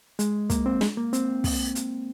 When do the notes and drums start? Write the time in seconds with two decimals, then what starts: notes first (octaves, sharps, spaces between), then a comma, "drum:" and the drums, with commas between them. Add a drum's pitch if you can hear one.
0.19 G#3, drum: hi-hat
0.50 A#3, drum: kick, hi-hat
0.66 C4
0.81 G#3, drum: snare
0.97 A#3
1.13 C4, drum: hi-hat
1.44 drum: kick, open hi-hat
1.75 drum: hi-hat